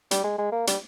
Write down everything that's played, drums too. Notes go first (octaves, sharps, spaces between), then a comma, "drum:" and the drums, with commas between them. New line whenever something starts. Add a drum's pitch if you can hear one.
G3, drum: hi-hat
G#3
G#3
A#3
G3, drum: hi-hat